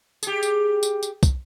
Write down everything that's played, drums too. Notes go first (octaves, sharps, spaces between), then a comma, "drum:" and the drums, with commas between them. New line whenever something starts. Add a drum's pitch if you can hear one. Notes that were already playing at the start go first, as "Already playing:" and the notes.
G4 G#4, drum: tambourine
drum: tambourine
drum: tambourine
drum: tambourine
drum: kick, tambourine